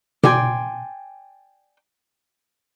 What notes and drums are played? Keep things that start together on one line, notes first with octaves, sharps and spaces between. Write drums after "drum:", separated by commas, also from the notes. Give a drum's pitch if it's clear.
D5 G5 G#5 C6, drum: tom B2